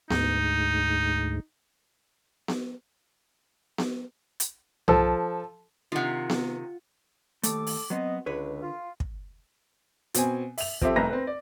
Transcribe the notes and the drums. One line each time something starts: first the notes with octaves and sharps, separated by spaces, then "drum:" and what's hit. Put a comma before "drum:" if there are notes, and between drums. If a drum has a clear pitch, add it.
D2 G#2 D#4, drum: snare B3
drum: snare B3
drum: snare B3
drum: hi-hat
F3 A4, drum: tom
C3 D#3 F4 F#5
drum: snare B3
D#2 A3 A4 D6, drum: hi-hat
drum: open hi-hat
F#3 B3 C4 D#5
C#2 D3 B4 C#5
F4
drum: kick
B2 C4 G#5, drum: hi-hat
E5 F7, drum: open hi-hat
F3 C4 G4 A4 E5, drum: kick
F1 C2 A3 B4 A#5 A#6
C4 B4
D5